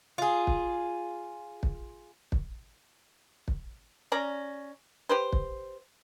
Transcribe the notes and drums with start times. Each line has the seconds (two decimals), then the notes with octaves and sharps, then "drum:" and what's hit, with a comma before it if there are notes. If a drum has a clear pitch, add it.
0.18 F4 G#4
0.47 drum: kick
1.63 drum: kick
2.32 drum: kick
3.48 drum: kick
4.12 C#4 D5 A#5
5.09 G4 B4 C5
5.33 drum: kick